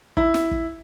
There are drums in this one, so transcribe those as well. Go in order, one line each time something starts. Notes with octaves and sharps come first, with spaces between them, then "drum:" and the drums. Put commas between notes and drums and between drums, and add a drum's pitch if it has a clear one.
E4, drum: kick
drum: snare
drum: kick